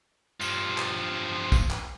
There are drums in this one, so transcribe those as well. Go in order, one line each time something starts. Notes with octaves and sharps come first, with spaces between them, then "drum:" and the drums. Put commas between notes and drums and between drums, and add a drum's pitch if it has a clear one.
G2 F3, drum: tambourine
drum: clap
drum: kick, tambourine
drum: clap